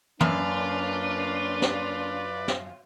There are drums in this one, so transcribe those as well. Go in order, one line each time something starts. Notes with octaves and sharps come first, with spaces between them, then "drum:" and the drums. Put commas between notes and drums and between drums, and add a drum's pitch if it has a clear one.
F#2 A#3 C#4 D4 F4 B4 D5, drum: tom
drum: snare
drum: snare